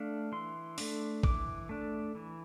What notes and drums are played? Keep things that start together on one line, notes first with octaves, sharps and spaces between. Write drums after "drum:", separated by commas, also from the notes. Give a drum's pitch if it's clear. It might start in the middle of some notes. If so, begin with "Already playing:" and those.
Already playing: A3 D4 F5
E3 C6
A3 D4, drum: open hi-hat
E3 D6, drum: kick
A3 D4
E3